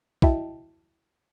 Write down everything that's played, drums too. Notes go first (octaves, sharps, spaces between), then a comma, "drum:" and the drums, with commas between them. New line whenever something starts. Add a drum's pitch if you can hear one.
E4 F#4 D#5 E5 G5 A5, drum: kick